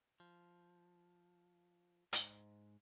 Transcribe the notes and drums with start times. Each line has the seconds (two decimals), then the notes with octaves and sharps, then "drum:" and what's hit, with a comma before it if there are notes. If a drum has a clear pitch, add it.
0.20 F3
2.13 G#2, drum: hi-hat